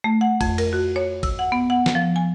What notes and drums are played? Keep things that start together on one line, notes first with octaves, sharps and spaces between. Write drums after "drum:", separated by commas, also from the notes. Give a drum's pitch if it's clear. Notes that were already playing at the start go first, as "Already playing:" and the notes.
A3
F#5
F2, drum: kick, cymbal
A#4, drum: cymbal
F#4
C#5
E6, drum: kick, cymbal
F#5
B3
F#5
drum: snare
F3
G#5